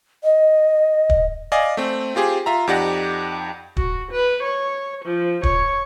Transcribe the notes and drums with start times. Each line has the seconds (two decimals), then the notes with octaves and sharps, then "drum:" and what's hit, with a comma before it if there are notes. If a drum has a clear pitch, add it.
0.24 D#5
1.09 drum: kick
1.52 D5 D#5 F5 G#5
1.77 A3 C4
2.15 C4 F4 G4 G#4
2.46 F4 E5 A#5
2.67 F2 D#4 G4 D5 F#5 A#6
3.77 F#4, drum: kick
4.10 B4
4.43 C#5
5.04 F3
5.43 C#5, drum: kick